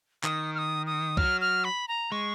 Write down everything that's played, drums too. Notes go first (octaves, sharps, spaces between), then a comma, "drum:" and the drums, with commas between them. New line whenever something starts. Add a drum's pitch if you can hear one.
D#3 D#6, drum: clap
F6
D#6
D#6
F#3 F6, drum: kick C2
F6
B5
A#5
G#3 C#6